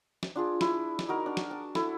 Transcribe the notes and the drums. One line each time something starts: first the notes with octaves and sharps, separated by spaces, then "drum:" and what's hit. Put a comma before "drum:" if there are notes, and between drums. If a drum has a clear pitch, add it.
drum: snare
D4 F4 G#4
E4, drum: snare
drum: snare
D#4 F#4 A#4
D4
drum: snare
A5
E4 A4, drum: snare